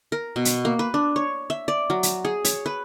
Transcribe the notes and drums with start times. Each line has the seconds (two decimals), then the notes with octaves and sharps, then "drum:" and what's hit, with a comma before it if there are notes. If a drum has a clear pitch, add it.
0.12 A#4
0.36 B2
0.45 drum: hi-hat
0.65 A#3
0.79 B4
0.94 D4
1.16 C#5
1.50 E5
1.68 D5
1.90 F#3
2.03 drum: hi-hat
2.25 G#4
2.45 C#5, drum: hi-hat
2.66 B4